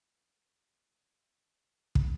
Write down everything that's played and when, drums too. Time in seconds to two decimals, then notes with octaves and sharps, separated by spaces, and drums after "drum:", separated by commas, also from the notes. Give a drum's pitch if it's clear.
0.20 C2 G#2 D3 D#3
0.82 C3 A#3 C4
1.95 drum: kick